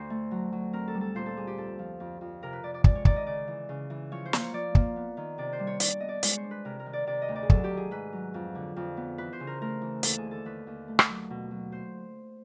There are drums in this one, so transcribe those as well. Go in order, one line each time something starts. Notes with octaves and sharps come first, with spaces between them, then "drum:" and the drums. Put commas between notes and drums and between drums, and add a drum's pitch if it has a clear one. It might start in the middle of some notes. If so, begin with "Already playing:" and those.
Already playing: D2 C5
A3
F#3
F#3
C4 A#4
A4
G3
A4
A#2 C5
A4
G3 G#4
G4
F2 A4
F3
F2
F2
C3 A#4
B4
C3 D5
D5
G#3 D5, drum: kick
C#5
D#3 D5, drum: kick
D#5
C#3 D5
E3
C#3
E3
F3 C#5
C5
A#3, drum: snare
C#5
F3 D5
A#3, drum: kick
B3
D#3
C3 D5
C5
G3
C#5
D4 D5, drum: hi-hat
B3 D#5
D5
G#3 C#5, drum: hi-hat
C5
D4
B4
C3 A#4
A#4
D#3
D5
C3 D5
D#5
D2
D5
G#4
F#3 A4, drum: kick
G4
D#3
G#4
G#2 B4
F#3
F2
D3
F2
B3
E3 B4
C5
C#3
A#4
A3 A#4
E3
D#2 A4, drum: hi-hat
G#4
D3
A4
D#2 B4
D#2
A3
drum: rim click
F#3
B2
F#3
C5